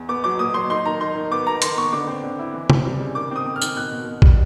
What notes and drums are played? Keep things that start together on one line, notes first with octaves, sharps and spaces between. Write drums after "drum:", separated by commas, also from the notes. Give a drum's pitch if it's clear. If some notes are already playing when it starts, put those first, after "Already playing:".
Already playing: E2
B3 D6
F#3 D6
A#2 D#6
F#3 C6
D#4 C6
D#3 A#5
D#4 C6
D#3
B3 D6
D#3 A#5
D#3 C6, drum: hi-hat
B3 C#6
D3 D6
C4
D3
E4
E3
C4, drum: tom C3
G3
C#3
D#3 D6
C4 D#6
C4
F6
D#3, drum: tambourine
B2 F#6
B2
B2
G3, drum: kick A#1